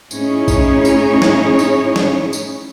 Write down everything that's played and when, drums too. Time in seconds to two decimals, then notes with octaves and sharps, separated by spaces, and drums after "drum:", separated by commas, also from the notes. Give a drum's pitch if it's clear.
0.11 A2 C#4 D#4 E4 G#4 C#5, drum: tambourine
0.48 drum: kick A#1, tambourine
0.85 drum: tambourine
1.22 drum: snare
1.59 drum: tambourine
1.96 drum: snare
2.33 drum: tambourine